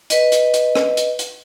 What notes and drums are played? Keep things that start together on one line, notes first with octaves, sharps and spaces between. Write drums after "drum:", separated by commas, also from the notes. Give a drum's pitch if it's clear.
B4 D#5, drum: hi-hat
drum: hi-hat
drum: hi-hat
drum: rim click
drum: hi-hat
drum: hi-hat